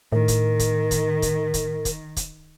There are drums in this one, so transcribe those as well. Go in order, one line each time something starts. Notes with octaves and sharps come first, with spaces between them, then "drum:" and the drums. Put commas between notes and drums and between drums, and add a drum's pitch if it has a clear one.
A2 D#3 A#4
drum: kick, hi-hat
drum: kick, hi-hat
drum: kick, hi-hat
drum: kick, hi-hat
drum: kick, hi-hat
drum: kick, hi-hat
drum: kick, hi-hat